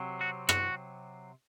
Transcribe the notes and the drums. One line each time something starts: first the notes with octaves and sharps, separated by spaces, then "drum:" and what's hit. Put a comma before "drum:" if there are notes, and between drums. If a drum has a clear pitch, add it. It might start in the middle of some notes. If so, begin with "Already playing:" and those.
Already playing: C3 F#3 C4
F#4
F#4, drum: rim click